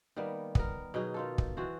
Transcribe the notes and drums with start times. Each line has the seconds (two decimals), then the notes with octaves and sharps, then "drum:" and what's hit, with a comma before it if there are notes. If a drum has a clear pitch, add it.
0.16 D#3 G3 A#3 B3
0.55 B3 A#4, drum: kick
0.94 B2 F#3 D#4 G#4
1.14 D#3 F4 A4
1.38 drum: kick
1.57 E3 F#4 C5